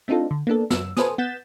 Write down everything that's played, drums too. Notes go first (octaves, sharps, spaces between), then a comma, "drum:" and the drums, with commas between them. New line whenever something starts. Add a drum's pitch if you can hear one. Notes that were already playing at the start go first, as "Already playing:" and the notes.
A3 C4 D4 D#4 F4 A4
D3
A#3 B3 D4 A4
F#2 E6, drum: snare
A4 B4 C5 G#5 D#6, drum: snare
B3 F#5 G6 A6 B6 E7